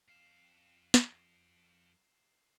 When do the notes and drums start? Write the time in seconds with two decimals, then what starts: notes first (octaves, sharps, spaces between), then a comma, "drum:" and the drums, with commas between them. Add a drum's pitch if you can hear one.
0.08 F2 F5 C7 E7
0.94 drum: snare